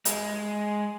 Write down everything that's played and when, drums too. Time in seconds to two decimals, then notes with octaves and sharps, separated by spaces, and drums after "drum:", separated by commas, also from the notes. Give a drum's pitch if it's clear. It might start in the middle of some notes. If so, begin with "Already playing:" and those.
0.05 G#3, drum: hi-hat